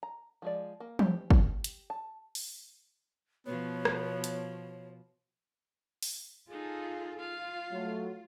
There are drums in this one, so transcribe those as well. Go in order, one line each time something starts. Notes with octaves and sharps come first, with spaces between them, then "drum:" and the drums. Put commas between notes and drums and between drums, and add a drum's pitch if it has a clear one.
A#5
F3 G#3 D5
A#3
G4, drum: tom
drum: kick
drum: hi-hat
A5
drum: open hi-hat
B2 F3 B3 C#5
drum: rim click
drum: hi-hat
drum: open hi-hat
D#4 F4 G#4 A4
F4 F5
F#3 A3